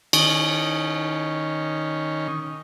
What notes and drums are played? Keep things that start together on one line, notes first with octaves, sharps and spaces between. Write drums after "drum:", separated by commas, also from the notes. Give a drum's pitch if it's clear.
D#3 C#4, drum: cymbal